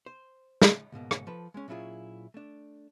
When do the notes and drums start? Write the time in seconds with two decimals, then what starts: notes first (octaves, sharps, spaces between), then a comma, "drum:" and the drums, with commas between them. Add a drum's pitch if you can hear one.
0.06 C5
0.62 drum: snare
0.92 C#2 G#2 B2 A#3
1.11 drum: rim click
1.27 F3 A4 B4
1.54 G#3 C#4
1.68 A#2 F#3 C#4 E4 F4 G#4
2.34 A3 D4